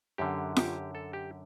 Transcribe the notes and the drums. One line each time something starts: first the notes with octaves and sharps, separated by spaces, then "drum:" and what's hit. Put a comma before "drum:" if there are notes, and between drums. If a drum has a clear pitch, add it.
F#2 D3 G4
G4, drum: snare F4
A4
G4